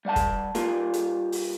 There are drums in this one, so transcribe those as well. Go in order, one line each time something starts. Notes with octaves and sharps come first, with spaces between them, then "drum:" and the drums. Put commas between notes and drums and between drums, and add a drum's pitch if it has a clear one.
G3 D5 F#5 A5
drum: kick, hi-hat
G3 A#3 F4 A#4, drum: hi-hat
drum: hi-hat
drum: open hi-hat